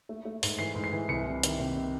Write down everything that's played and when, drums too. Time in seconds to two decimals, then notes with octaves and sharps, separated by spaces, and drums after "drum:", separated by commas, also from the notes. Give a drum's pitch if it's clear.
0.09 A3
0.25 A3
0.43 G#2, drum: open hi-hat
0.59 E3 C7
0.75 G#2
0.84 C7
0.93 E3
1.09 C2 C#7
1.26 C3
1.43 D#3, drum: hi-hat
1.60 C3
1.76 C3